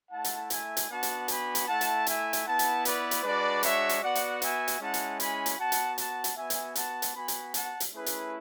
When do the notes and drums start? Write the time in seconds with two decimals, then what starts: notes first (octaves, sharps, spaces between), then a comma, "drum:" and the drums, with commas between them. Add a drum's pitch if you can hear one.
0.11 A3 E4 F#5 A5
0.24 drum: hi-hat
0.50 E5 G#5, drum: hi-hat
0.77 drum: hi-hat
0.89 B3 D4 F#4 F#5 A5
1.03 drum: hi-hat
1.28 G#5 B5, drum: hi-hat
1.55 drum: hi-hat
1.67 A3 E4 F#5 A5
1.81 drum: hi-hat
2.07 E5 G#5, drum: hi-hat
2.33 drum: hi-hat
2.46 B3 E4 F#5 A5
2.59 drum: hi-hat
2.85 B4 D5, drum: hi-hat
3.11 drum: hi-hat
3.24 G#3 D4 F#4 B4 D5
3.63 C#5 E5, drum: hi-hat
3.89 drum: hi-hat
4.02 B3 F#4 D5 F#5
4.15 drum: hi-hat
4.42 E5 G#5, drum: hi-hat
4.68 drum: hi-hat
4.81 G#3 C#4 E4 F#5 A5
4.94 drum: hi-hat
5.20 G#5 B5, drum: hi-hat
5.46 drum: hi-hat
5.58 B3 F#4 F#5 A5
5.72 drum: hi-hat
5.98 F#5 A5, drum: hi-hat
6.24 drum: hi-hat
6.36 B3 F#4 E5 G#5
6.50 drum: hi-hat
6.75 F#5 A5, drum: hi-hat
7.02 drum: hi-hat
7.15 B3 F#4 G#5 B5
7.28 drum: hi-hat
7.54 F#5 A5, drum: hi-hat
7.80 drum: hi-hat
7.93 A3 C#4 E4 G#4 B4
8.06 drum: hi-hat